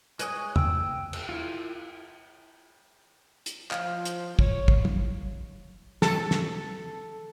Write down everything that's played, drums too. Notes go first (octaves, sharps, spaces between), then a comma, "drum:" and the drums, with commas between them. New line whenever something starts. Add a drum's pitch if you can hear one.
G#3 B4 C#5 G#5 D#6, drum: hi-hat
G5 E6, drum: tom
drum: cymbal
E4 F4
drum: hi-hat
F3 F5, drum: clap
drum: hi-hat
C#5, drum: kick
drum: kick
drum: tom
A4, drum: snare
drum: snare